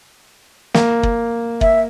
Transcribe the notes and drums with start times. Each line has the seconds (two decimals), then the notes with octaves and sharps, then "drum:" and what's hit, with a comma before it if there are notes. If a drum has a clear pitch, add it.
0.74 A#3, drum: snare
1.03 drum: kick
1.61 E5, drum: kick